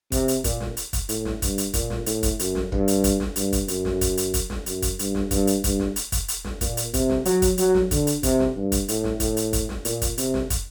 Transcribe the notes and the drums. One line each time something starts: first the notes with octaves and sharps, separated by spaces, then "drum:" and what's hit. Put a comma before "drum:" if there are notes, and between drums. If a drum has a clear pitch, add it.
C3, drum: kick, hi-hat
drum: hi-hat
A#2, drum: kick, hi-hat
drum: snare
drum: hi-hat
drum: kick, hi-hat
A2, drum: hi-hat
drum: snare
G2, drum: kick, hi-hat
drum: hi-hat
A#2, drum: kick, hi-hat
drum: snare
A2, drum: hi-hat
drum: kick, hi-hat
F#2, drum: hi-hat
drum: snare
G2, drum: kick
drum: hi-hat
drum: kick, hi-hat
drum: snare
G2, drum: hi-hat
drum: kick, hi-hat
F#2, drum: hi-hat
drum: snare
drum: kick, hi-hat
drum: hi-hat
drum: kick, hi-hat
drum: snare
F#2, drum: hi-hat
drum: kick, hi-hat
G2, drum: hi-hat
drum: snare
G2, drum: kick, hi-hat
drum: hi-hat
G2, drum: kick, hi-hat
drum: snare
drum: hi-hat
drum: kick, hi-hat
drum: hi-hat
drum: snare
A#2, drum: kick, hi-hat
drum: hi-hat
C3, drum: kick, hi-hat
drum: snare
F#3, drum: hi-hat
drum: kick, hi-hat
F#3, drum: hi-hat
drum: snare
D3, drum: kick, hi-hat
drum: hi-hat
C3, drum: kick, hi-hat
drum: snare
G2
drum: kick, hi-hat
A2, drum: hi-hat
drum: snare
A2, drum: kick, hi-hat
drum: hi-hat
drum: kick, hi-hat
drum: snare
A#2, drum: hi-hat
drum: kick, hi-hat
C3, drum: hi-hat
drum: snare
drum: kick, hi-hat